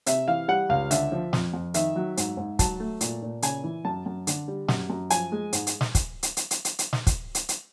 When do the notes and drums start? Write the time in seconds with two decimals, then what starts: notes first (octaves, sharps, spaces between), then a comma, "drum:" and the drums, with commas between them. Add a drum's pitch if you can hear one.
0.06 C3 E5, drum: hi-hat
0.28 E3 F5
0.48 G3 F#5
0.69 C#2 F5
0.91 D3 E5, drum: hi-hat
1.12 F3
1.33 F2, drum: snare
1.54 F2
1.74 D#3 E5, drum: hi-hat
1.96 F#3
2.17 G#2, drum: hi-hat
2.37 G#2
2.59 F#3 A5, drum: kick, hi-hat
2.80 A3
3.01 A#2, drum: hi-hat
3.22 A#2
3.42 C#3 G#5, drum: hi-hat
3.64 E3
3.85 F#2 A5
4.06 F#2
4.27 D3, drum: hi-hat
4.48 G3
4.68 F#2, drum: snare
4.90 F#2
5.10 F3 G#5, drum: hi-hat
5.32 G#3
5.53 G#2, drum: hi-hat
5.67 drum: hi-hat
5.81 drum: snare
5.95 drum: kick, hi-hat
6.23 drum: hi-hat
6.37 drum: hi-hat
6.51 drum: hi-hat
6.65 drum: hi-hat
6.79 drum: hi-hat
6.93 drum: snare
7.07 drum: kick, hi-hat
7.35 drum: hi-hat
7.49 drum: hi-hat